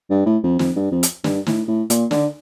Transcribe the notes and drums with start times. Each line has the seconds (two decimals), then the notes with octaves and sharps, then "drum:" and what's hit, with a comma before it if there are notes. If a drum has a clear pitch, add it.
0.10 G2
0.26 A2
0.43 F2
0.59 F2, drum: snare
0.76 G2
0.92 F2
1.03 drum: hi-hat
1.24 G2, drum: snare
1.47 A2, drum: snare
1.68 A2
1.90 A#2, drum: hi-hat
2.11 D3, drum: snare